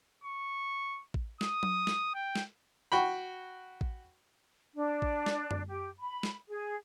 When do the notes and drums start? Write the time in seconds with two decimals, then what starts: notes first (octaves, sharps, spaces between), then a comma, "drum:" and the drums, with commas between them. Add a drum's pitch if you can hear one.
0.24 C#6
1.14 drum: kick A1
1.41 D#6, drum: snare
1.63 drum: tom F#3
1.87 drum: snare
2.14 G5
2.36 drum: snare
2.92 F#4 G5 B5
3.81 drum: kick A1
4.75 D4
5.02 drum: kick A1
5.26 drum: snare
5.51 drum: tom F#2
5.68 G4
5.99 B5
6.23 drum: snare
6.49 G#4